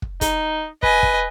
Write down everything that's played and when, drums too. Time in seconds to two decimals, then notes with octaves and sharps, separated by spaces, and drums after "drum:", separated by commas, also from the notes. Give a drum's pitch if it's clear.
0.02 drum: kick
0.21 D#4, drum: kick, hi-hat
0.83 B4 D#5 G#5, drum: kick
1.03 drum: kick